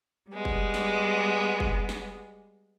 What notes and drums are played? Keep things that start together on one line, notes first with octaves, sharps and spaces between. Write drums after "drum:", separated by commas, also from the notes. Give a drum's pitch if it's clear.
G3 G#3 B3
drum: kick
drum: snare
drum: kick
drum: snare